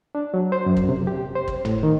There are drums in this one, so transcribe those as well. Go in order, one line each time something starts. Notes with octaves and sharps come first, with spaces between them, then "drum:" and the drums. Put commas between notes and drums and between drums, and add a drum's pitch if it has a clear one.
D4
F#3
C5
F#2
drum: kick
C3
G4
C5
drum: kick
A2, drum: tom
D#3